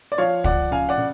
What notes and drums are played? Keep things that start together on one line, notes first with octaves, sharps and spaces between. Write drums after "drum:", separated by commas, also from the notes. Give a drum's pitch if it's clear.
D5
F3 C#5 F5
F3 D5 F#5, drum: kick
C#3 F5 G#5
D5 F#5
C#3